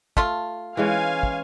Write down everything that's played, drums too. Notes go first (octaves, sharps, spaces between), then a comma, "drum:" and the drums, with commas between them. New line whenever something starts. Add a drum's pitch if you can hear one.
A3 F4, drum: kick
E3 G#3 C#4 F5 G#5
drum: kick